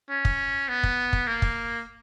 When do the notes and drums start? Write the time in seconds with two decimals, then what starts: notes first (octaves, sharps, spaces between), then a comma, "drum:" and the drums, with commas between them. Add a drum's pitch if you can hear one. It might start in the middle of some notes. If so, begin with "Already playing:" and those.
0.10 C#4
0.25 drum: kick
0.69 B3
0.83 drum: kick
1.13 drum: kick
1.27 A#3
1.42 drum: kick